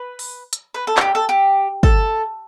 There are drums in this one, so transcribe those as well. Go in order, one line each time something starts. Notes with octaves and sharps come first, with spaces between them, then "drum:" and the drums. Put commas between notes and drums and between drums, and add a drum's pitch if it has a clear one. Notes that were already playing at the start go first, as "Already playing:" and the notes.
Already playing: B4
drum: open hi-hat
drum: hi-hat
B4
A4
F#4, drum: clap
G4
A4
G4
A4, drum: kick